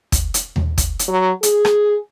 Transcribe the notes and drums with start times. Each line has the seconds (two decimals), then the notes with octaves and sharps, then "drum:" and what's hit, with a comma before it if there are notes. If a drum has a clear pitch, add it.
0.12 drum: kick, hi-hat
0.34 drum: hi-hat
0.56 drum: tom D#2
0.78 drum: kick, hi-hat
0.99 drum: hi-hat
1.08 F#3
1.43 G#4, drum: hi-hat
1.65 drum: rim click